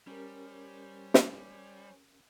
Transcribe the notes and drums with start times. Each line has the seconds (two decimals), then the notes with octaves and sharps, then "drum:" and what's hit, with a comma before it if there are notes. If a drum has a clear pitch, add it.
0.07 G3 C#4 G4 A#4 C5 C#5 G#5
1.14 drum: snare